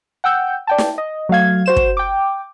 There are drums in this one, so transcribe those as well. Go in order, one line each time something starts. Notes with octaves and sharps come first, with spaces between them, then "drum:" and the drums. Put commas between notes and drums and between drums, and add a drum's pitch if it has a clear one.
F#5 G5 E6 G6
D5 G5 A5
drum: snare
D#5
F#3 A3 F5 G#6
F#4 C5 E7
drum: kick
G5 D6